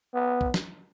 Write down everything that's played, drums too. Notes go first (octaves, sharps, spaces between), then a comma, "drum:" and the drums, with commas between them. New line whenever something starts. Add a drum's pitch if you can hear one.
B3
drum: kick
drum: snare